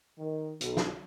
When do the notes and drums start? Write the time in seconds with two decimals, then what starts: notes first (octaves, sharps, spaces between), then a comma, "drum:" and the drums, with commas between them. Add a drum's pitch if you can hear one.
0.19 D#3
0.61 B1, drum: hi-hat
0.77 drum: snare